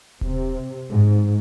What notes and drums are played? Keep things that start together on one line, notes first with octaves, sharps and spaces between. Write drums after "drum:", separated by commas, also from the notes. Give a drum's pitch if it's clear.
C3, drum: kick D#1
G#2